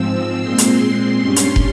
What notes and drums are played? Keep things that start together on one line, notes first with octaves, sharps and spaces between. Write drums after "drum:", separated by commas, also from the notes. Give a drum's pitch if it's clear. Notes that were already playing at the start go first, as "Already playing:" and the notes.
Already playing: G#2 F3 C4 E6
A#2 G#3 C4 C6
drum: hi-hat
G2 G3 C#4
drum: hi-hat
drum: kick